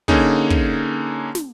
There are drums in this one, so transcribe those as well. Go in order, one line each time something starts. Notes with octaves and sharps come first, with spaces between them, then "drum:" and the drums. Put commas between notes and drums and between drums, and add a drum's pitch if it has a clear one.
D3 A#3 C#4 D#4 G#4, drum: kick
drum: kick
drum: snare